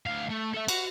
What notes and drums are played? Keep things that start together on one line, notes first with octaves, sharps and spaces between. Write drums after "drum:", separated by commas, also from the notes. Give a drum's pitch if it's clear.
D2 F5
A3
A4 E5
F#4, drum: cymbal